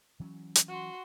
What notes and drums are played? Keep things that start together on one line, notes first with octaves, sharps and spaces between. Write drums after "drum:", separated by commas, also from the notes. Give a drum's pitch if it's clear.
E3 F#3 C#4
drum: hi-hat
F#4 C6